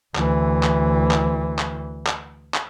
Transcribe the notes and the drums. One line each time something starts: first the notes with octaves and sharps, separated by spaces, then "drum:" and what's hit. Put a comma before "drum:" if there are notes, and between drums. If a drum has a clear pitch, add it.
D2 E3, drum: clap
drum: clap
drum: clap
drum: clap
drum: clap
drum: clap